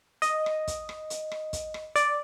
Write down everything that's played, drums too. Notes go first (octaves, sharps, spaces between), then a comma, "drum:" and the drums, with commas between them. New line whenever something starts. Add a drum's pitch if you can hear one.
D#5, drum: hi-hat
drum: rim click
drum: kick, hi-hat
drum: rim click
drum: hi-hat
drum: rim click
drum: kick, hi-hat
drum: rim click
D5, drum: hi-hat